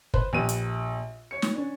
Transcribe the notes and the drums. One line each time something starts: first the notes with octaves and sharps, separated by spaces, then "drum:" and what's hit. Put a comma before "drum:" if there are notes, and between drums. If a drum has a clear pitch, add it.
B4 C5, drum: kick
A#1 G4 B4 D#7
drum: hi-hat
C#5 C#7
drum: snare
C#4 D4